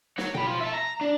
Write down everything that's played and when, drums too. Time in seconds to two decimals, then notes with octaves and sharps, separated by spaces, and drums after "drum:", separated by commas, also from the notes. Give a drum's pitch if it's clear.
0.18 C#5 F#5, drum: snare
0.35 G5 B5, drum: tom B2
0.47 F3 F4
0.60 E5 A5
0.73 A#5
1.01 D4